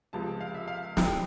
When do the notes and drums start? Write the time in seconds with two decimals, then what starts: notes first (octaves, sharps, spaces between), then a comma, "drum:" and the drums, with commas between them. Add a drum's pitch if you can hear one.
0.13 C#2 C3 F3 G#3 A5
0.41 F5
0.54 E5
0.68 F5
0.97 C2 C3 F3 G5, drum: snare